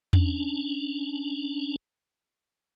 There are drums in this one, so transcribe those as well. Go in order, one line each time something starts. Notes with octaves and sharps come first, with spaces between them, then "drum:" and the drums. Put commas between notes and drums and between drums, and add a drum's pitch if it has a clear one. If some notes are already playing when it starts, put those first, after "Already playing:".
C#4 D4, drum: tom E2